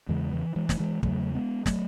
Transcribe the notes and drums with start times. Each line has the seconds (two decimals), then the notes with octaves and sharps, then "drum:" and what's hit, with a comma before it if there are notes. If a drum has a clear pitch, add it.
0.09 E2 C#3 E3 G#3
0.32 E3
0.56 E3 G#3
0.69 A3, drum: snare
0.80 E3 G#3
1.03 E2 C#3 F#3 A3, drum: kick
1.35 G#3 B3
1.66 F#3 A3, drum: snare